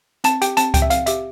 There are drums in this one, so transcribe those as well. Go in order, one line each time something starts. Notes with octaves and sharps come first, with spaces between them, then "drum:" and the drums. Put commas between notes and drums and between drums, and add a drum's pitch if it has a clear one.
C4 A5, drum: hi-hat
G4 G5, drum: hi-hat
C4 A5, drum: hi-hat
G4 G5, drum: kick C#2, hi-hat
E5
C4 F5, drum: hi-hat
G4 E5, drum: hi-hat